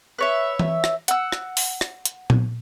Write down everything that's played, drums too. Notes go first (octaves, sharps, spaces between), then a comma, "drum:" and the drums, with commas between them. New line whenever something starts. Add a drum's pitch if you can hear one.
B4 C#5 E5
drum: tom E3
drum: rim click
F#5 E6, drum: hi-hat
drum: rim click
drum: open hi-hat
drum: rim click
drum: hi-hat
drum: tom A#2